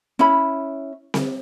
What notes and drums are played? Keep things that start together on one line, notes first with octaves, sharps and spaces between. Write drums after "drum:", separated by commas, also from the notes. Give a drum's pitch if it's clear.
C#4 E4 B5
drum: snare C4